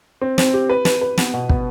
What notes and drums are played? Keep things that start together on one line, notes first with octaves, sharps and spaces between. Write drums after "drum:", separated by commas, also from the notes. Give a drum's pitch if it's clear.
C4
C4, drum: snare
G4
B4
B4, drum: snare
B4
B3, drum: snare
B2
B3, drum: kick